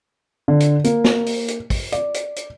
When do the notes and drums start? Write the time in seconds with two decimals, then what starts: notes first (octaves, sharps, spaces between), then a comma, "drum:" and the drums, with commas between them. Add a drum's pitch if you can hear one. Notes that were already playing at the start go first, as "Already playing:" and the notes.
0.48 D3
0.60 drum: hi-hat
0.84 A#3, drum: hi-hat
1.04 drum: snare
1.26 drum: open hi-hat
1.48 drum: hi-hat
1.70 drum: kick, open hi-hat
1.92 D5, drum: hi-hat
2.14 drum: hi-hat
2.36 drum: hi-hat